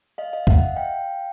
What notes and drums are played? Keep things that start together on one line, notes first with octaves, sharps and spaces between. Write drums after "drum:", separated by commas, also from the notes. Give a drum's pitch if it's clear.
D#5 F5
D#5 F5
E5 F#5, drum: kick
F5 G5